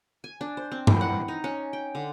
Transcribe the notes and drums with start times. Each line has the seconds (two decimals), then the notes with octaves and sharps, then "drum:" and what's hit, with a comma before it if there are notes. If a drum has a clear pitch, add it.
0.24 G#5
0.41 D4
0.57 C5
0.72 C4
0.87 E3, drum: tom G2
1.01 F#5
1.28 D#4
1.44 C#4
1.73 G5
1.95 D3